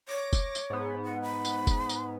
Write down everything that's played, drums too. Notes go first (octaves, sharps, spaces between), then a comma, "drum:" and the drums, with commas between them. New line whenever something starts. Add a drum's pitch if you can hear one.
C#5 D6 A#6
drum: kick F1, tambourine
drum: tambourine
G#2 B3
F#5
B5
drum: tambourine
drum: kick F1, tambourine
drum: tambourine